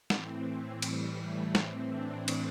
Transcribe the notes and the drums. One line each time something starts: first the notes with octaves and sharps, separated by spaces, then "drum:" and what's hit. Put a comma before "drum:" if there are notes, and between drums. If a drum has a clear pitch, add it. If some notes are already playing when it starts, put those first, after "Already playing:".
A2 E3 C4, drum: snare
C4
A2 E3 G3, drum: cymbal
A3
A2 E3 C4, drum: snare
D4
drum: cymbal